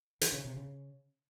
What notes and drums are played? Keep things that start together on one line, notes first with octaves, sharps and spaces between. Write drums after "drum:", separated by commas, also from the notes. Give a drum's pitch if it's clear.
E3, drum: hi-hat
C#3
C3
C#3